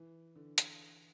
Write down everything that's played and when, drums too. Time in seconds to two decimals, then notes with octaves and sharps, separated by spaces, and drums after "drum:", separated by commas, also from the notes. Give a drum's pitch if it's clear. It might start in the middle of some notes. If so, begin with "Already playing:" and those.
Already playing: E3
0.36 D3
0.58 drum: hi-hat